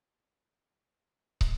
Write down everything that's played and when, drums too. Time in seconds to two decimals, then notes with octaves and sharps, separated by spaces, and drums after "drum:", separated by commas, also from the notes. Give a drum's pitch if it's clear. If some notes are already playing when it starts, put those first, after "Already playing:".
0.20 D#2 E3 B3 D#5 G5 B6
0.51 B2 F3 B3
0.87 C5 C#5 E5 G5 A5 F#6
1.41 drum: kick